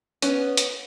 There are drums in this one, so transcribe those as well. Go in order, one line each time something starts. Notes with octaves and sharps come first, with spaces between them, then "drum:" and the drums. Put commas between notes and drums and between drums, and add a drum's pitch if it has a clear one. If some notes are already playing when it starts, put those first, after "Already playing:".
B3 C#4, drum: hi-hat
drum: hi-hat